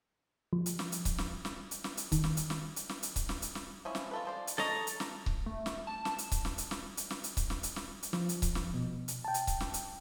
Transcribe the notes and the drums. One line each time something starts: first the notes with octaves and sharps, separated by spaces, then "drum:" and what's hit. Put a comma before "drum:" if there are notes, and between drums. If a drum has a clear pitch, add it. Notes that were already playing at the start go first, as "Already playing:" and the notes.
F3
drum: hi-hat
drum: snare
drum: hi-hat
drum: kick C#1, hi-hat
drum: snare
drum: snare
drum: hi-hat
drum: snare
drum: hi-hat
D#3, drum: kick C#1, hi-hat
drum: snare
drum: hi-hat
drum: snare
drum: hi-hat
drum: snare
drum: hi-hat
drum: kick C#1, hi-hat
drum: snare
drum: hi-hat
drum: snare
F3 C#4 E4
drum: snare
F4 A4 B4
F3 C5 D5
drum: hi-hat
A4 C#5 D#5 A#5, drum: snare
drum: hi-hat
drum: snare
drum: kick C#1
A3
drum: snare
A5
drum: snare
drum: hi-hat
drum: kick C#1, hi-hat
drum: snare
drum: hi-hat
drum: snare
drum: hi-hat
drum: snare
drum: hi-hat
drum: kick C#1, hi-hat
drum: snare
drum: hi-hat
drum: snare
drum: hi-hat
F3, drum: snare
drum: hi-hat
drum: kick C#1, hi-hat
drum: snare
B2
drum: hi-hat
G5 A5
drum: hi-hat
drum: kick C#1, hi-hat
drum: snare
drum: hi-hat